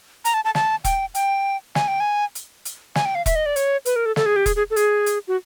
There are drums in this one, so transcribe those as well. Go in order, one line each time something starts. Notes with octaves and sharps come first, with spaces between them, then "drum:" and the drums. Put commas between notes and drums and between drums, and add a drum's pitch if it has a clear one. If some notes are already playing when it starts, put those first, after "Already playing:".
A#5, drum: hi-hat
A5
A5
A5, drum: snare
G5, drum: kick E1, hi-hat
G5, drum: hi-hat
G#5, drum: snare
G5
G#5
drum: hi-hat
drum: hi-hat
G#5, drum: snare
G5
F5
E5, drum: kick E1, hi-hat
D#5
D5
C#5, drum: hi-hat
B4, drum: hi-hat
A#4
A4
A4, drum: snare
G#4
G4
G#4, drum: kick E1, hi-hat
G#4
A4
G#4, drum: hi-hat
drum: hi-hat
F#4